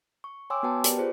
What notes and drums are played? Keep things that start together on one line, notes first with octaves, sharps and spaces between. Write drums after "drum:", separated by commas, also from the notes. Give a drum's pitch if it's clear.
C#6
C#5 G5 G#5 C6 D6 E6
B3 F#4 B4 G5 A5
G4 A#4 B4 D5, drum: hi-hat
F4 G#4 C5